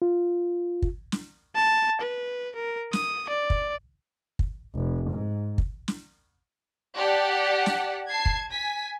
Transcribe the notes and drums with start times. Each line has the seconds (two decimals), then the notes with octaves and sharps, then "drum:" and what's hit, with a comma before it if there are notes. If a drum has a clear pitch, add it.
0.02 F4
0.82 drum: kick
1.12 drum: snare
1.56 A5
2.01 B4
2.55 A#4
2.93 D#6, drum: snare
3.29 D5
3.50 drum: kick
4.39 drum: kick
4.75 F1
5.11 G#2
5.58 drum: kick
5.88 drum: snare
6.96 G4 D5 F#5 A5
7.66 drum: snare
8.10 A5 G#6 C7
8.26 drum: kick
8.50 G#5 B6